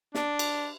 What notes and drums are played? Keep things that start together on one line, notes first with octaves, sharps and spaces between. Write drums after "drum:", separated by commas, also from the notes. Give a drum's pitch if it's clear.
D4, drum: snare
drum: cymbal